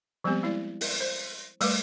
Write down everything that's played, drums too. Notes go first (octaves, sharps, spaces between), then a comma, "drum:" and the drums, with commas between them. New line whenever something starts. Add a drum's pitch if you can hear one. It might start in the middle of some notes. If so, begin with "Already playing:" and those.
F3 G3 G#3 B3 C4 G4
G#3 E4 D5
drum: open hi-hat
C5
G3 A3 B4 D6, drum: open hi-hat